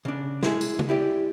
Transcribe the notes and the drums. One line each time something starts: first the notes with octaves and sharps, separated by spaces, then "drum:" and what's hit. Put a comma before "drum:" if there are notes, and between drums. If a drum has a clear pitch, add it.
C#3 D4
G#3 E4 G#4, drum: snare
drum: tambourine
drum: tom C#3
E4 G4 D5